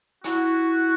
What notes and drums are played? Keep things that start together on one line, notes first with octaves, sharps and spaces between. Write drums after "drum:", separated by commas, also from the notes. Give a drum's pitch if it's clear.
E4 F#4, drum: hi-hat